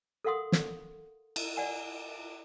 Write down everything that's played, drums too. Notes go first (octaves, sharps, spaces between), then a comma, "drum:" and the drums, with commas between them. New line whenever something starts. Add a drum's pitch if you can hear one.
A4 A#4 F5 F#5 C6 D#6
drum: snare
drum: cymbal
D5 F#5 G#5